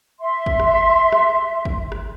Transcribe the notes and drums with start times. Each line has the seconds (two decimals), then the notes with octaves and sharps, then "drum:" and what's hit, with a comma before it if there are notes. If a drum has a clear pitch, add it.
0.20 E5 C6
0.46 drum: kick
0.60 drum: rim click
1.12 drum: rim click
1.65 drum: kick
1.92 drum: rim click